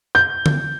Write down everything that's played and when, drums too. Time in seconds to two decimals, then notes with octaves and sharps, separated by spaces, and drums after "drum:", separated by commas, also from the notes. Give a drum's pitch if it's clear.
0.15 G6
0.46 drum: tom D3